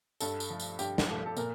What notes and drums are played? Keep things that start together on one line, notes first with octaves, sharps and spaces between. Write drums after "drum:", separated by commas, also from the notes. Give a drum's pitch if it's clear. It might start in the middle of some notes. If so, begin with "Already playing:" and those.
G2 A4, drum: tambourine
drum: tambourine
F3 A3
drum: tambourine
G2 G4, drum: tambourine
drum: snare
F3 A3
A4
A#2 A#4, drum: tambourine